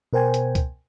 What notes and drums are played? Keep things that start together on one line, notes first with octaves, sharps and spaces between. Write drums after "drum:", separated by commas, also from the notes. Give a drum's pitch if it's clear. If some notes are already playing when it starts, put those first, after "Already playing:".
B2 A#4 C5 G5 G#5
drum: hi-hat
drum: kick C#2, hi-hat